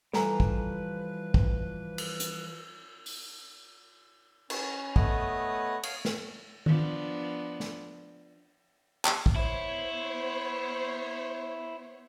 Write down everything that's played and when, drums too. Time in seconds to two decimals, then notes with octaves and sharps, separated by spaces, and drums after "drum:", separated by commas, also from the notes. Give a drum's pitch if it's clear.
0.13 E3 F3 G3 A4 B4 G#5 A#5, drum: snare
0.40 drum: kick
1.34 drum: kick
1.98 drum: cymbal
2.20 drum: hi-hat
3.06 drum: open hi-hat
4.50 C#4, drum: cymbal
4.96 A3 B3 B4 C#5 D#5 D#6, drum: kick
5.83 C#5 F5 D#6, drum: cymbal
6.05 drum: snare
6.66 F3 B3 D4, drum: tom D#3
7.60 drum: snare
9.05 drum: clap
9.26 drum: kick
9.36 B3 E4 C5 C#5